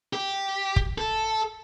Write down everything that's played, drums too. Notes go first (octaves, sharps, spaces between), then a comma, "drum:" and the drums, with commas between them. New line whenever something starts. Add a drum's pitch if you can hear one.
G4
drum: kick
A4